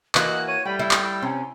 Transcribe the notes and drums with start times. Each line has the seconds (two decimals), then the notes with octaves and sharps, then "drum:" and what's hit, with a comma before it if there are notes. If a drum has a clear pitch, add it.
0.15 E3 A#3 F#4 D#5 F#6, drum: clap
0.48 C#5 D#7
0.65 G3 A3 G5 B5
0.79 E4 E6
0.91 drum: clap
1.22 C3 C4 C#4